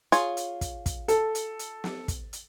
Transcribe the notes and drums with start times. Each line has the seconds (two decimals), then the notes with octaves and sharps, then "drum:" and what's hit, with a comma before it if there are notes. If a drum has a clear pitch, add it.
0.12 F4 G#4 C#5, drum: hi-hat
0.37 drum: hi-hat
0.61 drum: kick, hi-hat
0.86 drum: kick, hi-hat
1.08 A4, drum: hi-hat
1.35 drum: hi-hat
1.59 drum: hi-hat
1.84 drum: snare
2.08 drum: kick, hi-hat
2.33 drum: hi-hat